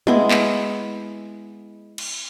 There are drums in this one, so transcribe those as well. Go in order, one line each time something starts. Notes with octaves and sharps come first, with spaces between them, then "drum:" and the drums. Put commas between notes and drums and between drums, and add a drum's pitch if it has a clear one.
G#3 B3 E4, drum: tom
drum: clap
drum: cymbal